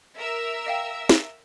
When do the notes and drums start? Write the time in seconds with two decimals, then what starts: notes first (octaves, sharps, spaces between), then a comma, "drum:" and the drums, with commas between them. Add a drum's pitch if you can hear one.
0.18 A#4 E5 E6
0.66 D#5 F5 G5
1.09 drum: snare